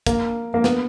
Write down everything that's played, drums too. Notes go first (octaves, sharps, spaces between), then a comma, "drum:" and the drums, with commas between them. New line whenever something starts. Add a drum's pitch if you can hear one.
A#3, drum: kick, hi-hat
A#3
B3, drum: snare